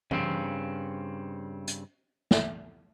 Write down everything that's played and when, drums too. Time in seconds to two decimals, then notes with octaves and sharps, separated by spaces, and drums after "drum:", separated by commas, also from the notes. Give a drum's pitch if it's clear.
0.11 G2 C#3 C4, drum: tom
1.67 drum: hi-hat
2.31 drum: snare